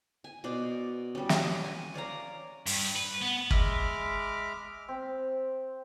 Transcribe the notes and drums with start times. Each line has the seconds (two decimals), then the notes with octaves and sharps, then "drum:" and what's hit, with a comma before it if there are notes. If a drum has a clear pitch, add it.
0.24 G#5
0.44 B2 C5 D5
1.15 G3 C#4
1.29 drum: snare
1.64 G#5
1.94 C#5 D5 F5 A#5
2.66 G2, drum: open hi-hat
2.96 B4
3.21 B3
3.51 G#3 D#5 E5 B5 D6 F6, drum: kick
4.88 C4